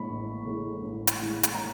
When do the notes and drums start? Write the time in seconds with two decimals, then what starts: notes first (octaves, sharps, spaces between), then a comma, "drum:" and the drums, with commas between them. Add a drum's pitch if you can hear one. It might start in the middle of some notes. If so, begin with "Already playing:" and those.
Already playing: A2 E3 G#3 B5 C#6
0.10 A1
0.46 A2 E3 G#3
0.82 A1
1.07 drum: hi-hat
1.19 A2 E3 G#3
1.43 drum: hi-hat
1.54 A#5